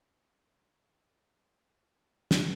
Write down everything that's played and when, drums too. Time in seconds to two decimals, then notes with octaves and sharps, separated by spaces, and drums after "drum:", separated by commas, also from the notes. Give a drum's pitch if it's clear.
0.18 B4
0.82 C#4 D4 A4 C#5 D#5
1.27 C3 F3 C#5 D5 G#5
1.70 C3 G3 B3 E4 A4 A5
2.31 drum: snare